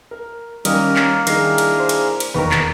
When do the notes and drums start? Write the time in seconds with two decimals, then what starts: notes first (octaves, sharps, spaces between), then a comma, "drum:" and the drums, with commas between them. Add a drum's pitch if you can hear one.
0.11 A#4
0.65 D#3 G3 A#3 C#4 A#4 D#6, drum: cymbal
0.96 drum: clap
1.27 D#3 D4 E4 G#4 A#6 C7, drum: cymbal
1.58 drum: cymbal
1.80 C5
1.89 drum: cymbal
2.20 drum: cymbal
2.34 E1 D#2 A#4 B4 C#6
2.51 drum: clap